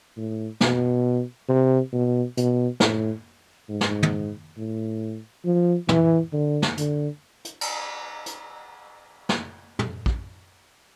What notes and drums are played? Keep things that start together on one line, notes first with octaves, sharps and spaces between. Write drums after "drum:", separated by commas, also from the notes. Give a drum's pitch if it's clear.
A2
B2, drum: snare
C3
B2
B2, drum: hi-hat
A2, drum: snare
G#2
drum: snare
drum: tom
A2
F3
E3, drum: tom
D3
drum: snare
D3, drum: hi-hat
drum: hi-hat
drum: cymbal
drum: hi-hat
drum: snare
drum: tom
drum: kick